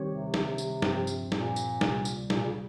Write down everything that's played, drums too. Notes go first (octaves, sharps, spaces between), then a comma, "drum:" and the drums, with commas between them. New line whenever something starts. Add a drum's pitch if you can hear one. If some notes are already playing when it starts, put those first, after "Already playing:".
Already playing: D#3 G3 C4 G4 C#5
C3
drum: snare
drum: tambourine
G2 F3 C4, drum: snare
drum: tambourine
A#2, drum: snare
drum: tambourine
C3 G3 A#3, drum: snare
drum: tambourine
A#2, drum: snare
C#3